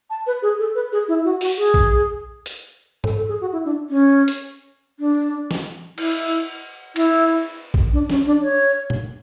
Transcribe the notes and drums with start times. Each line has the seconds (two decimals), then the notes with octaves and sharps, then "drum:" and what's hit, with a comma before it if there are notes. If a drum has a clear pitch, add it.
0.10 A5
0.27 B4
0.42 G#4
0.59 A4
0.75 B4
0.92 G#4
1.08 E4
1.25 F#4
1.41 F#4, drum: open hi-hat
1.57 G#4
1.74 drum: kick A#1
2.46 drum: hi-hat
3.04 A4, drum: tom G#2
3.16 A4
3.29 G#4
3.41 F#4
3.52 E4
3.65 D4
3.90 C#4
4.28 drum: hi-hat
5.00 D4
5.51 drum: snare
5.98 E4, drum: cymbal
6.96 E4, drum: cymbal
7.74 drum: kick A#1
7.93 D4
8.10 C#4, drum: snare
8.26 D4
8.42 C#5
8.90 drum: tom A#2